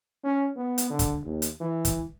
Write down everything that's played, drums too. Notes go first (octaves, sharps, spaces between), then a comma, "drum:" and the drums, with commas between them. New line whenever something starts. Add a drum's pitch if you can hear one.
C#4
B3
drum: hi-hat
D3
drum: kick, hi-hat
D#2
drum: hi-hat
E3
drum: kick, hi-hat